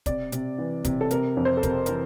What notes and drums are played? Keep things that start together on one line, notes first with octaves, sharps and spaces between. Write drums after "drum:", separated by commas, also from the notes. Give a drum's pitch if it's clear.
C3 D5, drum: kick, hi-hat
C3, drum: hi-hat
E3
C3, drum: kick, hi-hat
A4
C3 A#4, drum: hi-hat
F2
C5
A4
C3 A#4, drum: kick, hi-hat
E3 A#4, drum: hi-hat